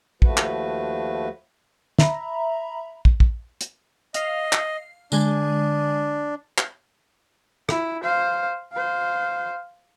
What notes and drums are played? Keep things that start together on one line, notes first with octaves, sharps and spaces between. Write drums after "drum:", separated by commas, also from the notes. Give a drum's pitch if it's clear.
D#2 F3 A3 F#4 B4, drum: kick
drum: clap
E5 A#5 B5, drum: snare
drum: kick
drum: kick
drum: hi-hat
D#5 F5 C7, drum: hi-hat
drum: clap
D3 G#3 D4 G#5, drum: tambourine
drum: clap
E4, drum: rim click
C5 F5
C5 F5